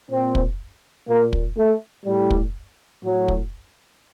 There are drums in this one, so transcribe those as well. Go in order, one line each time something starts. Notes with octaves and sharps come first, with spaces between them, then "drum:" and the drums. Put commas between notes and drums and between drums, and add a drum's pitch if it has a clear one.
A#2 C4
drum: kick
A#2 A#3
drum: kick
A3
A2 G3
drum: kick
A2 F#3
drum: kick